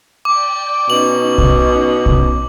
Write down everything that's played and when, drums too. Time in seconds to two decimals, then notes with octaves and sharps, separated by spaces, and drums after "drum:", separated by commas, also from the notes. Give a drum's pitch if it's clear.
0.25 D5 G5 D6
0.90 B2 C#4 D#4 F#7
1.38 drum: kick
2.06 drum: kick